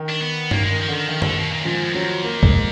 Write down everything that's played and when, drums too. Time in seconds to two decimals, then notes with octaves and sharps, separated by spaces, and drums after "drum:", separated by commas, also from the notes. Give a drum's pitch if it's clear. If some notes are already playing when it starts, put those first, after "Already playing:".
Already playing: D#3
0.10 D4
0.22 B3
0.51 D#3 A#3, drum: tom G2
0.64 G#3
0.70 D#3
0.79 F3
0.88 D3
0.94 D#3
1.08 D#3 F3
1.22 D3, drum: tom
1.37 B2
1.52 A#2
1.58 F#2
1.65 G#2 F3
1.85 F#2
1.94 F2 F#3
2.23 A#3
2.43 G#3, drum: kick C#2